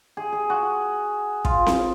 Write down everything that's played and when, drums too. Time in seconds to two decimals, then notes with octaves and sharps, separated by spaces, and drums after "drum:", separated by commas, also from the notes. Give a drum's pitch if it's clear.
0.17 G#4
0.33 G#4
0.50 F#4
1.45 F4, drum: kick
1.66 drum: snare C4